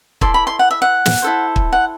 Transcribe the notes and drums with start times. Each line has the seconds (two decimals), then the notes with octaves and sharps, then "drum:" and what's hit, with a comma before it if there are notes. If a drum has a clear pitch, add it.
0.21 E4 A4 D5 C6, drum: kick
0.34 B5
0.47 C6
0.59 F#5
0.71 E5
0.82 F#5
1.05 drum: snare
1.22 E4 A4 C5
1.56 drum: kick
1.73 F#5